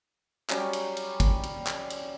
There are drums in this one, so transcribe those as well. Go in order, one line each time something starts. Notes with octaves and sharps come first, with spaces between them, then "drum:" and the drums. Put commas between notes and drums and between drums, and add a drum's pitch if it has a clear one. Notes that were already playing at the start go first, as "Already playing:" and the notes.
F#3 G3 C#4 G5, drum: clap
drum: cymbal
drum: cymbal
drum: kick, cymbal
drum: cymbal
drum: clap
drum: cymbal